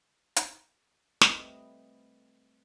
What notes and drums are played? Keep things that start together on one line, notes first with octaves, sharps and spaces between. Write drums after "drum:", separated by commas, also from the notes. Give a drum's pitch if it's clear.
drum: hi-hat
G3 A3 C4 B4 D#5, drum: snare